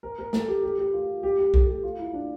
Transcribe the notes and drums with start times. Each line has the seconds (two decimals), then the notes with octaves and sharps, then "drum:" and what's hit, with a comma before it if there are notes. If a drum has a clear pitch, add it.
0.03 A#4
0.19 A#4
0.33 A4, drum: snare
0.48 G4
0.63 G4
0.79 G4
0.93 F4
1.23 G4
1.38 G4
1.54 A4, drum: kick B1
1.69 G4
1.83 F4
1.99 E4
2.13 D4